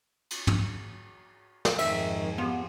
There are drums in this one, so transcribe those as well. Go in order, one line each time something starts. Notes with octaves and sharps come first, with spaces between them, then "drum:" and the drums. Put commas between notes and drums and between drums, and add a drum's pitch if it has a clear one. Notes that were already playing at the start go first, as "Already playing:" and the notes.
drum: cymbal
drum: tom
drum: snare
F2 G#2 D#3 G#4 E5, drum: cymbal
B3 F4 G4